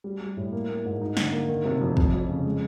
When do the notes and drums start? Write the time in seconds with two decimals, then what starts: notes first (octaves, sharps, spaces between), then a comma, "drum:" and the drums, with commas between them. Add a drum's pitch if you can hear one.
0.04 G3
0.21 G3
0.37 A2
0.52 A#3
0.69 A#3
0.85 G#2
1.01 D#4
1.17 D3, drum: snare
1.32 A#3
1.49 D#3
1.65 C3
1.81 F2
1.97 F2, drum: kick
2.14 F2
2.29 C#3
2.45 G#3